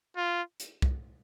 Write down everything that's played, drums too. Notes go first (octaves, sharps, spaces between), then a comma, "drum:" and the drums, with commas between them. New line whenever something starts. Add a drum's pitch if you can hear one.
F4
drum: hi-hat
drum: kick C2